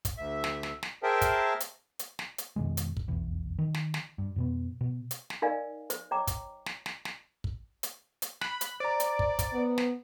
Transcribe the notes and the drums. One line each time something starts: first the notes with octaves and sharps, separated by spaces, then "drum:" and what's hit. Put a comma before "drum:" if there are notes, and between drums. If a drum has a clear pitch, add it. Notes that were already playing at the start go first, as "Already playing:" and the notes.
drum: kick, hi-hat
D2 E5
drum: snare
drum: snare
drum: snare
G#4 A#4 C5 E5 G5 A5
drum: kick, hi-hat
drum: hi-hat
drum: hi-hat
drum: snare
drum: hi-hat
F2 B2 D#3 G#3
drum: hi-hat
drum: kick
F1 B1 E2
D#3
drum: snare
drum: snare
G2
F2 B2 B3
B2
drum: hi-hat
drum: snare
D#4 A#4 D5 D#5 F5 G#5
C5, drum: hi-hat
C#5 D#5 G5 A#5 D6
drum: kick, hi-hat
drum: snare
drum: snare
drum: snare
drum: kick
drum: hi-hat
drum: hi-hat
B5 F#6, drum: snare
drum: hi-hat
C5 D5 A#5
drum: hi-hat
drum: kick
drum: kick, hi-hat
B3
drum: snare